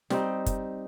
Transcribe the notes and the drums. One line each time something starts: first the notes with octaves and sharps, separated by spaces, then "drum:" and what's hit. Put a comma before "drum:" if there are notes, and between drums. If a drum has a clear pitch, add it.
G3 C4 D#4, drum: snare
drum: kick, hi-hat